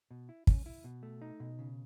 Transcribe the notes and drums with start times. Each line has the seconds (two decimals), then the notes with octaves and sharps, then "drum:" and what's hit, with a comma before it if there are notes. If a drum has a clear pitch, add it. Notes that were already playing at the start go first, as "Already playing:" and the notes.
0.11 B2
0.29 E4
0.47 C#4, drum: kick
0.66 E4
0.84 B2
1.03 A3
1.21 D#4
1.40 B2
1.59 C#3